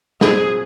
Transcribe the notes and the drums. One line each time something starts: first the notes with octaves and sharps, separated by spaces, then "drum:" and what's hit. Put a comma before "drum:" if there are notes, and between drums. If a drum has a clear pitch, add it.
A#2 F#3 C4 G#4, drum: snare